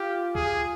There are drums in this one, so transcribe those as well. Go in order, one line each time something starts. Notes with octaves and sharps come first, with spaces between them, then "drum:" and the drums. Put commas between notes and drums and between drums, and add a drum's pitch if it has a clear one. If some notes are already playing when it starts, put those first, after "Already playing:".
Already playing: F4 G4
G#4, drum: kick C#2